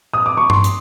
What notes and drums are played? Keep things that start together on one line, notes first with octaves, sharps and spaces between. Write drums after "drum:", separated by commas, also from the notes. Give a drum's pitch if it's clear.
D#6
D6
C#6
C6, drum: tom G2
drum: hi-hat